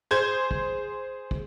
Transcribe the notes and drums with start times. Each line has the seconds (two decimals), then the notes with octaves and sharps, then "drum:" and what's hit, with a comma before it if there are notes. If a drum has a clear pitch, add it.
0.11 G#4 C5 G6 G#6
0.51 drum: kick
1.31 drum: kick